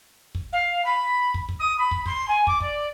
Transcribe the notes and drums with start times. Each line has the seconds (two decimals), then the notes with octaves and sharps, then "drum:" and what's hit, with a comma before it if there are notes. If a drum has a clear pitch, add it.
0.35 drum: kick
0.52 F5
0.84 B5
1.34 drum: kick
1.49 drum: kick
1.59 D#6
1.78 B5
1.91 drum: kick
2.06 C6, drum: kick
2.28 G#5
2.47 D6, drum: kick
2.61 D5, drum: kick